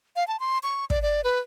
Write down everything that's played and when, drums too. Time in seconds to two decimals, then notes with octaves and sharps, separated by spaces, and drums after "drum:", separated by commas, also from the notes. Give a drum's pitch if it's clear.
0.16 F5
0.28 A5
0.40 C6
0.63 C#6
0.90 D5, drum: kick
1.02 D5
1.24 B4